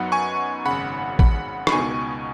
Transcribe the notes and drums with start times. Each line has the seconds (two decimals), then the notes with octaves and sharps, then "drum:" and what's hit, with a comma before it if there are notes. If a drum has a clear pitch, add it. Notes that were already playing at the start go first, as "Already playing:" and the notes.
Already playing: F#2 F#3 B3 D#4 F#5 B5
0.12 G#5 C#6
0.66 G#1 F#2 C#3 F#5 B5
1.19 F#5 B5, drum: kick
1.67 B5, drum: rim click
1.72 C#2 B2 B3 D#4 G#5 C#6